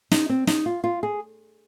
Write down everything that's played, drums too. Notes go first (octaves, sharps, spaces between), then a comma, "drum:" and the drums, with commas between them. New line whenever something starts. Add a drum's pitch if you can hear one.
D#4, drum: snare
C4
D#4, drum: snare
F4
F4
G#4